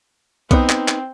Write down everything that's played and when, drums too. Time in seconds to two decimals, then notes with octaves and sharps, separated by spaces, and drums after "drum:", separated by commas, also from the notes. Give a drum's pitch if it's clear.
0.51 B3 C4 D#4, drum: kick B1, hi-hat
0.69 drum: clap
0.88 drum: clap